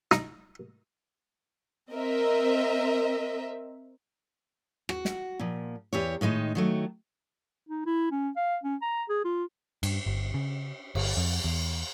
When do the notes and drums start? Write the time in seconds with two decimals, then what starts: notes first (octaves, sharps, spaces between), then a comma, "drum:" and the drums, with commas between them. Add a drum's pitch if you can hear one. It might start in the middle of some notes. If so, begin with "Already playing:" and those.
0.11 D#4, drum: snare
1.91 C4 A#4 D#5 E5
4.89 F#4, drum: rim click
5.05 drum: snare
5.39 A#2 F3
5.93 E2 G4 C#5
6.21 A2 D#3 G#3 D#4
6.55 D#3 F#3 A3
7.69 D#4
7.86 E4
8.11 C#4
8.36 F5
8.63 C#4
8.82 A#5
9.09 G#4
9.24 F4
9.83 G2, drum: cymbal
10.06 G1
10.34 C#3
10.95 G1, drum: cymbal
11.17 F2
11.44 E2